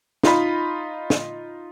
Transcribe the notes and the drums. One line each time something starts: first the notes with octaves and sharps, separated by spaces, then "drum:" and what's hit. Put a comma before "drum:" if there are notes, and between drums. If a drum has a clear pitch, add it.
D#4 F4 D#5 B5, drum: snare
drum: snare